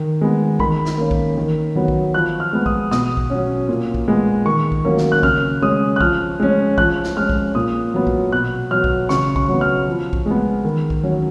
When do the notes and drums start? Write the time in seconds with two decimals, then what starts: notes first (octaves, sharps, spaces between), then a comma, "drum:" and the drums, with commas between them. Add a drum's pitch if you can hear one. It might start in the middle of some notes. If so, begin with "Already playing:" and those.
Already playing: D#3
0.21 G#3 B3
0.60 D#3 B5, drum: kick B1
0.85 drum: snare
0.98 A#3 C#4
1.11 drum: kick B1
1.37 D#3
1.76 F#3 B3
1.88 drum: kick B1
2.14 F3 F#6
2.40 F6
2.53 G#3 B3
2.66 D#6, drum: kick B1
2.91 B2 D#6, drum: snare
3.17 drum: kick B1
3.30 F#3 C#4
3.69 A#2
3.94 drum: kick B1
4.08 G#3 B3
4.45 D#3 C#6
4.72 drum: kick B1
4.85 F#3 A#3 C#4
4.98 drum: snare
5.12 F#6
5.23 C#3 F6, drum: kick B1
5.62 G#3 C#4 D#6
5.96 F#6
6.01 F3 F6, drum: kick B1
6.40 G#3 C#4
6.78 F3 F#6, drum: kick B1
7.04 drum: snare
7.17 G#3 C#4 F6
7.29 drum: kick B1
7.55 A#2 D#6
7.94 F#3 B3
8.07 drum: kick B1
8.32 B2 F#6
8.71 F#3 B3 F6
8.84 drum: kick B1
9.09 C#3 C#6, drum: snare
9.36 C#6, drum: kick B1
9.48 F#3 B3
9.61 F6
9.87 F3
10.13 drum: kick B1
10.26 G#3 B3
10.65 D#3
10.90 drum: kick B1
11.03 F#3 C#4